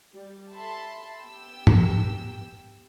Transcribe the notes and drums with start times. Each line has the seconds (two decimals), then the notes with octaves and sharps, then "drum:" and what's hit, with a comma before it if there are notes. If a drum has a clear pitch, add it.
0.14 G3
0.52 A4 E5 A5 B5 C6
1.20 B3 G4 G5 E6
1.67 drum: tom